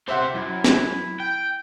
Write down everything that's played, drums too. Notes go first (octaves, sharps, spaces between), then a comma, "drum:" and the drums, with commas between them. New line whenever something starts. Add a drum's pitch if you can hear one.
G4 C5 E5 F#5 C6
F#2 E4
drum: snare
G5